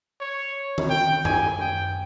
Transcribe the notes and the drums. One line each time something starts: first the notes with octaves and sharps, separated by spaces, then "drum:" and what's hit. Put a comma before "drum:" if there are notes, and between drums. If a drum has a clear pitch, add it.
C#5
drum: tom D#3
G5
G#5, drum: tom F#2
G5